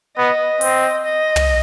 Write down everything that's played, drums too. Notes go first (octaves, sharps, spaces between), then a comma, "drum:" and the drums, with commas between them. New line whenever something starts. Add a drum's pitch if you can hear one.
B3 D#5
C4, drum: open hi-hat
D#5
drum: tom